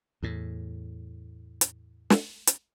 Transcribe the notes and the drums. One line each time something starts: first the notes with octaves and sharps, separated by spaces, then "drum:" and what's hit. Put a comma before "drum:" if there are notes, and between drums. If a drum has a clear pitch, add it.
E2 A2
drum: hi-hat
drum: snare
drum: hi-hat